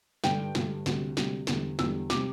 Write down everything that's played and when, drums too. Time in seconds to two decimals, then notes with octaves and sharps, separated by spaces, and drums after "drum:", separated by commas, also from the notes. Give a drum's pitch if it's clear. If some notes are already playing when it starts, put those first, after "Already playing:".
0.24 G2 D3 G3 G5, drum: snare
0.55 G2 D3 G3, drum: snare
0.86 D2 C3 G3, drum: snare
1.17 D2 C3 G3, drum: snare
1.47 E2 D3 G3, drum: snare
1.79 E2 D3 G3 E6, drum: snare
2.10 C3 G3 D6, drum: snare